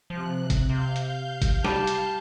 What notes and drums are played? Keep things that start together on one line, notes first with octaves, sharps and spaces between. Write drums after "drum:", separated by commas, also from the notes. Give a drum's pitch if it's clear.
C3 F3 F#6
drum: kick G1, hi-hat
C3 F5 G6
drum: hi-hat
drum: kick G1, hi-hat
G3 G4 A5, drum: snare
drum: hi-hat